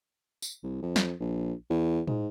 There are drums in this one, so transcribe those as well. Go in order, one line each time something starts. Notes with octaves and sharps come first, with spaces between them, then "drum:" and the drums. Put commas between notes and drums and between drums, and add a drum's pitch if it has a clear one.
drum: tambourine
C2
F2
drum: snare
A#1
E2
G#2, drum: tom A2